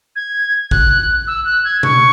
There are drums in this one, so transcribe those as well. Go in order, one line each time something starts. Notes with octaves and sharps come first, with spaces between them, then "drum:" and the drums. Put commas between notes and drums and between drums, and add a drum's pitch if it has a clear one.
G#6
F#6, drum: kick A1
E6
F#6
G#6
C#6, drum: tom B2